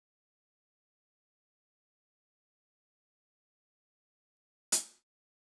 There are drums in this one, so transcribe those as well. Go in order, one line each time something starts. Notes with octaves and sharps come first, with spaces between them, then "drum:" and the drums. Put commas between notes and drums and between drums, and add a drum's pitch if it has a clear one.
C4 D#5 F#5 D6
G4 G#4
C#4 G#4
A#4
A#4 C#6
B4 C#5
E3 F3 G3 C4
drum: hi-hat